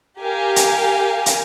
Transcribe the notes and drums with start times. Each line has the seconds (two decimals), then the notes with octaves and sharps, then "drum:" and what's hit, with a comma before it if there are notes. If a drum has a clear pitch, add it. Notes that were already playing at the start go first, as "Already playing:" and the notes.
0.21 G4 A#4 F5 G#5
0.56 drum: hi-hat
1.26 drum: hi-hat